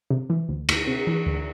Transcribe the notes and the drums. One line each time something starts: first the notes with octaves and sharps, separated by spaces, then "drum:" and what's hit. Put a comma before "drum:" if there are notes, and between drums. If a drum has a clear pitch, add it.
C3
E3
D2
D2, drum: cymbal
C3
E3
D2